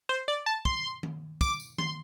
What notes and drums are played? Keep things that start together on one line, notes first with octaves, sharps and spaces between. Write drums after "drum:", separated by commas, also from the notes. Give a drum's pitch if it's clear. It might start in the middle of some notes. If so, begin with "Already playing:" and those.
C5
D5
A5
C6, drum: kick
drum: tom D#3
D6, drum: kick, tambourine
drum: tambourine
C6, drum: tom D#3